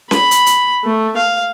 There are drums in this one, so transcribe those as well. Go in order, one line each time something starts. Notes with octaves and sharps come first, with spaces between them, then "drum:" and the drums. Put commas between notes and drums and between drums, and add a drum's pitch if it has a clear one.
B5, drum: snare C#4
drum: hi-hat
drum: hi-hat
A3
F5